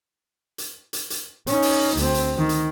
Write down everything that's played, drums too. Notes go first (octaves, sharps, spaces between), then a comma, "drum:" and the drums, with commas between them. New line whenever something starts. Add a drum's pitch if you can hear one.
drum: hi-hat
drum: hi-hat
drum: hi-hat
C#4 D#4, drum: hi-hat
drum: open hi-hat
D2 C4, drum: hi-hat
drum: hi-hat
D#3
drum: hi-hat